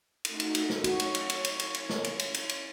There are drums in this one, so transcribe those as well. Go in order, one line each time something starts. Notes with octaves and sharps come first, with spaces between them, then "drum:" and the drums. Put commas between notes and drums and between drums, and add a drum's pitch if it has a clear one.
A3 D#4 F#4, drum: cymbal
drum: cymbal
drum: cymbal
drum: snare
F#4 C#5, drum: cymbal
drum: cymbal
drum: cymbal
drum: cymbal
drum: cymbal
drum: cymbal
drum: cymbal
drum: snare
drum: cymbal
drum: cymbal
drum: cymbal
drum: cymbal